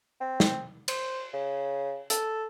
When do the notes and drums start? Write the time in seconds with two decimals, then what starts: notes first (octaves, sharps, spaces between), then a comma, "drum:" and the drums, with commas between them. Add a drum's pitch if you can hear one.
0.21 C4
0.40 drum: snare
0.88 C5, drum: cymbal
1.33 C#3
2.10 A4, drum: hi-hat